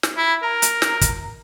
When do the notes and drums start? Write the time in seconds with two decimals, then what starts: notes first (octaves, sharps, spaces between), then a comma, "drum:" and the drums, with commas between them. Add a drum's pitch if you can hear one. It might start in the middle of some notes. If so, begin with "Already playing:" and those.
0.03 drum: snare
0.17 E4 B5
0.43 A#4 A#5
0.62 drum: hi-hat
0.82 drum: snare
1.01 drum: kick, hi-hat